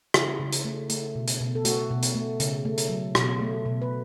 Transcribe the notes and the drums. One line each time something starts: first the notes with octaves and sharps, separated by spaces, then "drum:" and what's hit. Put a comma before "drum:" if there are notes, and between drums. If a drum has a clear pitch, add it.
C#3 E4, drum: rim click
C#3
drum: hi-hat
A3
A3, drum: hi-hat
B2
drum: hi-hat
B2
A4
A3 F#4, drum: hi-hat
B2
drum: hi-hat
A3
C#3, drum: hi-hat
A3
drum: hi-hat
F#3
B2, drum: rim click
A3
B2
B4